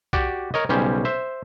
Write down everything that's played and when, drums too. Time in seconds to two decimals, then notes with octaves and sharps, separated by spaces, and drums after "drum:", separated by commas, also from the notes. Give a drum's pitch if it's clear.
0.13 F#4 G4 D5, drum: kick B1
0.54 A#4 C#5 D#5
0.69 B1 C#3 G3 C#4 C5
1.05 C5 E5